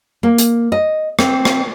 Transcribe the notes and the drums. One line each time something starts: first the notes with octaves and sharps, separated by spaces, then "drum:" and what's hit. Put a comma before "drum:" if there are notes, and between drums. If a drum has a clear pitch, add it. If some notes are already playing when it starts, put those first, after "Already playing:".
A#3
drum: hi-hat
D#5
C4, drum: rim click
drum: rim click